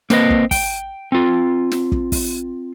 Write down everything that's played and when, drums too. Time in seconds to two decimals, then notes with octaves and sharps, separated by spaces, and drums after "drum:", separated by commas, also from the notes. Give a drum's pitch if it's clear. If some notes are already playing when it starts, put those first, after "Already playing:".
0.10 A#3 C4 B4 D#5, drum: snare
0.30 drum: kick
0.51 G5, drum: kick, open hi-hat
1.12 C4 F4
1.72 drum: snare
1.92 drum: kick
2.12 drum: kick, open hi-hat